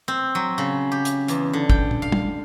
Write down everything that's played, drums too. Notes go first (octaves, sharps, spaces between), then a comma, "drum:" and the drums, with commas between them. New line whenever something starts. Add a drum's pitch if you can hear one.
C4
F#3
C#3
G4
drum: hi-hat
E2, drum: hi-hat
D3
G5, drum: kick
drum: tom
F5
drum: tom